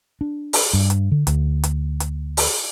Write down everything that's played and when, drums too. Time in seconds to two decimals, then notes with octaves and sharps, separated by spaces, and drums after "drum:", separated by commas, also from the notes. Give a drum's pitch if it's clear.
0.21 D4
0.53 drum: open hi-hat
0.73 G2
0.90 drum: hi-hat
1.12 D3
1.27 D2, drum: hi-hat
1.64 drum: hi-hat
2.00 drum: hi-hat
2.37 drum: open hi-hat